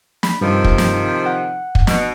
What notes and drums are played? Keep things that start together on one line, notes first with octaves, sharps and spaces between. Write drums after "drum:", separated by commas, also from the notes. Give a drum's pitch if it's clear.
B5, drum: snare
G2 C3 D#3 F3
drum: kick
drum: snare
F#5
drum: kick
B2, drum: snare